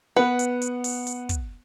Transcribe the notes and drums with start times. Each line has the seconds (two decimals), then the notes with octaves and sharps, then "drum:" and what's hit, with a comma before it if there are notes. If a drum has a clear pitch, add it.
0.16 B3 B4 F#5
0.39 drum: hi-hat
0.62 drum: hi-hat
0.84 drum: open hi-hat
1.07 drum: hi-hat
1.29 drum: kick, hi-hat